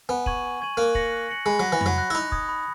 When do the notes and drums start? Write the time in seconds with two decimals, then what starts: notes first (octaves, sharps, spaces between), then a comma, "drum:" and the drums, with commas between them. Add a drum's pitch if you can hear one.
0.09 B3 G#5
0.26 C#6 G#6 D#7 F#7, drum: kick
0.43 G#5
0.61 C#6 G#6 D#7 F#7
0.77 A#3 F#6
0.95 A#6 C#7 F#7, drum: kick
1.12 F#6
1.29 A#6 C#7 F#7
1.46 G#3 B5
1.60 F#3 F#6 A#6
1.72 E3
1.81 B5, drum: tom F2
1.86 F#3
1.98 F#6 A#6
2.10 E4
2.15 D#4 B5
2.32 D#6 G#6, drum: kick
2.49 B5